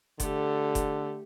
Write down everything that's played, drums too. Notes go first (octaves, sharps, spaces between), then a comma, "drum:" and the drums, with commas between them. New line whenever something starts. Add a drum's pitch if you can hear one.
D3 A3 G4, drum: kick F#1, hi-hat
drum: kick F#1, hi-hat